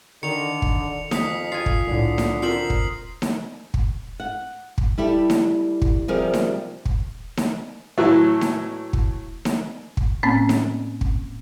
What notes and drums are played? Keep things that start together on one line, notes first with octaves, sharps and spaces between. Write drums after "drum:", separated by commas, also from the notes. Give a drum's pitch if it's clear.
D3 D#3 C#7 F7
drum: kick
F2 F5 D#6 B6, drum: snare D#4
F4 G#5 C7
drum: kick
C2 A2 D3
drum: snare D#4
C4 F4 A#4 C5 E5 C7 F#7
drum: kick
drum: snare D#4
drum: kick
F#5
drum: kick
G3 E4 G4 A4
drum: snare D#4
drum: kick
C3 F3 G3 D#4 G#4 A#4
drum: snare D#4
drum: kick
drum: snare D#4
A2 E3 F#3 A3
drum: snare D#4
drum: kick
drum: snare D#4
drum: kick
A2 A#3 C4 C#4
drum: snare D#4
drum: kick